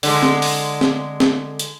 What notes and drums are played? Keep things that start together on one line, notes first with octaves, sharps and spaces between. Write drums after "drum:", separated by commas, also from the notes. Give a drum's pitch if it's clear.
D3 G#3, drum: open hi-hat
drum: snare
drum: open hi-hat
drum: snare
drum: snare
drum: hi-hat